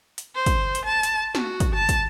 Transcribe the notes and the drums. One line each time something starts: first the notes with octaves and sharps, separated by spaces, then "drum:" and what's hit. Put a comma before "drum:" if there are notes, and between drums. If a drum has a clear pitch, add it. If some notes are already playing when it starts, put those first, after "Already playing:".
drum: hi-hat
C5
drum: kick, hi-hat
drum: hi-hat
A5
drum: hi-hat
F#4, drum: snare
drum: kick, hi-hat
A5
drum: kick, hi-hat